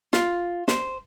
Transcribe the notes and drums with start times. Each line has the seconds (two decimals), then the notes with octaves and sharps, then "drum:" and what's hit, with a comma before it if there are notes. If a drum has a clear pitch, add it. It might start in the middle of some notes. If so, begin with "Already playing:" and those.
0.13 F4, drum: snare
0.68 C5, drum: snare